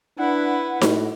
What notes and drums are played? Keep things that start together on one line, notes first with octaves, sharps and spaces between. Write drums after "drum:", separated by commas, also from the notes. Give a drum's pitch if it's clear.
D4 E4 B4 F#5
A2 F#4, drum: snare D#4